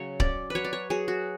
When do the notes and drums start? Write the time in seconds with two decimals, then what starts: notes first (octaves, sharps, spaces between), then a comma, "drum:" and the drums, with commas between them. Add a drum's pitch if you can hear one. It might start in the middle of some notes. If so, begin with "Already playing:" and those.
Already playing: C#3 F#3 C#5
0.20 C#4 D5, drum: kick C#1
0.50 F#3 B4 C#5
0.65 D5
0.73 C#5
0.90 F#3 G#4
1.08 F#4